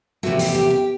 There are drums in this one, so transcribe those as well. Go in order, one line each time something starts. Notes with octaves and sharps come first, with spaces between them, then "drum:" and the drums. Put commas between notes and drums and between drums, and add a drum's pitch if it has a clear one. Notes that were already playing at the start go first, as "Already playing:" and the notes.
E2 C3 F3 A3 F#4
G4, drum: open hi-hat
G4
G4